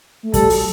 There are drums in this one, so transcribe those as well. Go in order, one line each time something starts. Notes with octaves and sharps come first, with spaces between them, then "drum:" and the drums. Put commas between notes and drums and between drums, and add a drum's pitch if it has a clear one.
A3
G3 A4, drum: kick, hi-hat
F#3, drum: open hi-hat